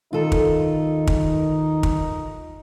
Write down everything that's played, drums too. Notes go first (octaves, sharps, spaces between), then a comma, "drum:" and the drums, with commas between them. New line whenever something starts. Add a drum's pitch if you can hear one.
D#3 D#4 F4 A4
drum: kick
drum: kick
drum: kick